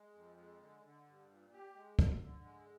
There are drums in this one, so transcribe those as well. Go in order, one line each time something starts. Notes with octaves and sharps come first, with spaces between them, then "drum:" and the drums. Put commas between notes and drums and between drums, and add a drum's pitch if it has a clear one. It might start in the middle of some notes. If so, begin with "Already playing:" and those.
Already playing: G#3
F2
G#3
D3
D3
G2
A#2
G4
G#3
D3, drum: kick
D3
G#3